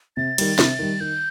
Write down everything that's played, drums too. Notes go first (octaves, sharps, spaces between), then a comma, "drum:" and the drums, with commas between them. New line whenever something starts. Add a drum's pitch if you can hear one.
C3 A6
D#3 G3, drum: cymbal
C3, drum: snare
D#3 G3
D#3 G6